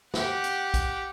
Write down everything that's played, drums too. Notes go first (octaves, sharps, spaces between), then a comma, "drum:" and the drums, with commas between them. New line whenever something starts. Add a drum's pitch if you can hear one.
G4 F#5, drum: snare
drum: hi-hat
drum: kick B1, hi-hat